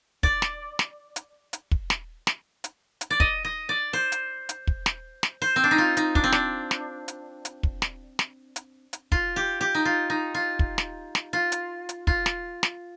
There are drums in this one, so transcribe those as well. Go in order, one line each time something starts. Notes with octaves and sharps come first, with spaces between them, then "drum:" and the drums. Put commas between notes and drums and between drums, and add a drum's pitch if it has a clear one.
D5, drum: kick
drum: snare
drum: snare
drum: hi-hat
drum: hi-hat
drum: kick
drum: snare
drum: snare
drum: hi-hat
drum: hi-hat
D5
D#5, drum: kick
D#5
D5
C5
drum: hi-hat
drum: hi-hat
drum: kick
drum: snare
drum: snare
C5
C4
D4
D#4
F4
D#4, drum: hi-hat
D4, drum: kick
C4
D4, drum: snare
drum: snare
drum: hi-hat
drum: hi-hat
drum: kick
drum: snare
drum: snare
drum: hi-hat
drum: hi-hat
F4, drum: kick
G4
G4
D#4
F4
D#4
F4
drum: kick
drum: snare
drum: snare
F4
drum: hi-hat
drum: hi-hat
F4, drum: kick
drum: snare
drum: snare